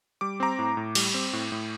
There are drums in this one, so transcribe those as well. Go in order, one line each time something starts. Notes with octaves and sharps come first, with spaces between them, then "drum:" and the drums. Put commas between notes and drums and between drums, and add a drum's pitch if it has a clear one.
G3 D6
C4 A#5 D6
A2
A2
G3, drum: cymbal
C4
A2
A2